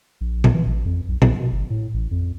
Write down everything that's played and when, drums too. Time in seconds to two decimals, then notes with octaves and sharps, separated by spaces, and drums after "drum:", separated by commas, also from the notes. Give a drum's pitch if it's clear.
0.21 A#1
0.44 drum: tom A#2
0.54 E3
0.66 A1
0.85 F2
1.08 B1
1.22 B1, drum: tom A#2
1.39 B2
1.52 G1
1.70 A2
1.94 A1
2.11 F2